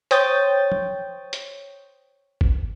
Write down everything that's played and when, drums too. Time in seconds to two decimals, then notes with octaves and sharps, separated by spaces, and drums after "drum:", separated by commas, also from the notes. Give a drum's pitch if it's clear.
0.11 C5 C#5 G5 D#6 G6 A6, drum: hi-hat
0.72 drum: tom
1.33 drum: hi-hat
2.41 drum: kick G1